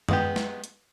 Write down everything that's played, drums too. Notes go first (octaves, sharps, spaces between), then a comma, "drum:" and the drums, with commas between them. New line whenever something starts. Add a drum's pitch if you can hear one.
G#3 B3 G4, drum: tom
drum: snare
drum: hi-hat